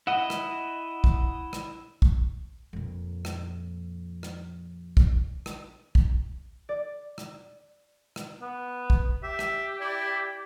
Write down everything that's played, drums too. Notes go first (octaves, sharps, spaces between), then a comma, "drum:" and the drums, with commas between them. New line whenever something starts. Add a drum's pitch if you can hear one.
E4 D#5 F#5
drum: rim click
drum: kick
drum: rim click
drum: kick
F2 A#2
drum: rim click
drum: rim click
drum: kick
drum: rim click
drum: kick
D5
drum: rim click
drum: rim click
B3
drum: kick
G4 E5
drum: rim click
E4 D5